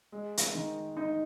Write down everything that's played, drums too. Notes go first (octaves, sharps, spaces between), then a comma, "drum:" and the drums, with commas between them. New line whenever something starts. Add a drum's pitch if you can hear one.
G#3
drum: hi-hat
D#3
D#4